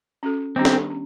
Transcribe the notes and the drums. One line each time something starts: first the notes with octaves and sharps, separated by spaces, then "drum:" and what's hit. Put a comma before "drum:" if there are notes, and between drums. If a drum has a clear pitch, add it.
C#4 F#4 A4
D#3 G3 B3 C4 D4 G4
drum: snare
C#4